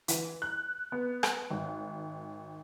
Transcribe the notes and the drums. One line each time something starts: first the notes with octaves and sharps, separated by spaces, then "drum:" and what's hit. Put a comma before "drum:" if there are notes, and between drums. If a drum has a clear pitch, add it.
E3, drum: hi-hat
F#6
B3
drum: rim click
G#1